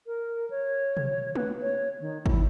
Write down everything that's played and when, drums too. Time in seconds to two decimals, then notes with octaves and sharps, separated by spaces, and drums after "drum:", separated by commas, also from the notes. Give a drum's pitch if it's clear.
0.07 A#4
0.50 C#5
0.97 drum: tom B2
1.35 B4, drum: tom G#3
1.62 C#5
2.00 D#3
2.26 E4, drum: kick G#1